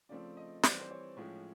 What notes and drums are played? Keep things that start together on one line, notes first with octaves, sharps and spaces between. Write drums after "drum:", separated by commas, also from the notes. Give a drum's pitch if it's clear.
C#3 F3 A3 C4 D5
D#5
E3 G3 C4 D5, drum: snare
C5
C#5
A2 F3 G#3 C#4